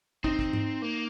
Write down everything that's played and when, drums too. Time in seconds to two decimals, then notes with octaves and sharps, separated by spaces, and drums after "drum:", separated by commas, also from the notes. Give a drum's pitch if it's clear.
0.24 C4 D#4, drum: kick
0.39 drum: kick
0.53 drum: tom G#2
0.82 A#3